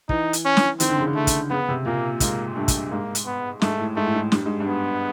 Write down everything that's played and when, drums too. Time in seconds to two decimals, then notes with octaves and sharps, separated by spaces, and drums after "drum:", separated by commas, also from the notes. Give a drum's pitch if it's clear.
0.09 E3 D#4, drum: kick
0.33 drum: hi-hat
0.46 C#4
0.57 drum: snare
0.80 D#3 C4, drum: hi-hat
0.89 D3
0.98 C#3
1.07 D3
1.15 A3
1.27 drum: kick, hi-hat
1.50 C#3 B3
1.68 C3
1.86 A#2 A#3
2.20 G#2 A#3, drum: kick, hi-hat
2.55 G2 A3
2.68 drum: kick, hi-hat
2.91 G#2 A#3
3.15 drum: hi-hat
3.26 B3
3.62 G#2 A3, drum: snare
3.79 A2
3.96 G#2 A3
4.06 A2
4.15 G#2
4.32 G2, drum: snare
4.46 G#2
4.60 G2
4.67 B3